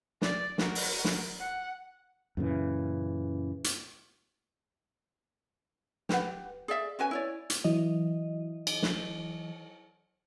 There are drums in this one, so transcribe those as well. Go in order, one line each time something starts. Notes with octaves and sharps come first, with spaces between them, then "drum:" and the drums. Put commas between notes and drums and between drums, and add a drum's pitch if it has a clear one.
D5, drum: snare
F#4 A#4, drum: snare
drum: open hi-hat
drum: snare
F#5
F#2 A#2 C#3 E3
drum: hi-hat
G4 B4 F#5, drum: snare
G#4 D5 E5 F5
C#4 F#4 B4 G#5
E4 C#5 D5
drum: hi-hat
E3 F#3 D#5
drum: cymbal
drum: snare